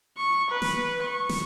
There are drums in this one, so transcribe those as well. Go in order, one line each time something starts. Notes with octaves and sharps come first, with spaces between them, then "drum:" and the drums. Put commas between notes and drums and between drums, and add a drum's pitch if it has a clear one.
C#6
B4
drum: snare
C#6
drum: snare